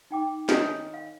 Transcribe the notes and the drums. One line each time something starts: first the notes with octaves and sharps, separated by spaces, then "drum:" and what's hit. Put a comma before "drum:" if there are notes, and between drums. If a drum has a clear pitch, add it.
D#4 G5 D6
D#3 C#5 D#5 E5, drum: snare
G#5
F5